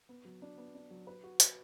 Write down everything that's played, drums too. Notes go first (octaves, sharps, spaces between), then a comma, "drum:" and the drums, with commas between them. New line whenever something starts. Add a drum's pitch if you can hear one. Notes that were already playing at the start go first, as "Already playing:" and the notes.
B3
F#3
D4
B3
D4
F#3
B4
F#4
B4, drum: hi-hat